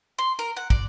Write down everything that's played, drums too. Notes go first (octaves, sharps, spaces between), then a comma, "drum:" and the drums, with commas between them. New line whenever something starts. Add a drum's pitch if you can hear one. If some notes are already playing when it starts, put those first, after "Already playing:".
C6
A#4
F#5
D5, drum: kick